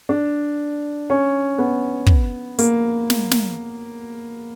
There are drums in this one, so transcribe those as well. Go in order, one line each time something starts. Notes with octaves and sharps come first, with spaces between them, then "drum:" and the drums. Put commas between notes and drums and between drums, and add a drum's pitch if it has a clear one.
D4
C#4
B3
drum: kick
A#3, drum: hi-hat
drum: snare
drum: snare